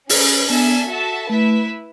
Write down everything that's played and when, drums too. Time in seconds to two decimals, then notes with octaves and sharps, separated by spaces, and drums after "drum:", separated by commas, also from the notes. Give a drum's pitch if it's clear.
0.09 C#4 G#4 B4, drum: open hi-hat
0.49 B3 D4 A4 E5 G#5
0.89 F#4 A4 E5 A5
1.28 A3 E4 B4 E5